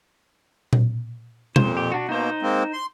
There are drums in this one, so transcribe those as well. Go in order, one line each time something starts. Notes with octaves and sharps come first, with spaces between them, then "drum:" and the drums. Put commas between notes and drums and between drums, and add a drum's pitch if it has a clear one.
drum: tom A#2
F2 A#2 C5, drum: tom B2
G4
D4 F#4
B2 A#3 D#4 C5
G#3 A#3 C4
C6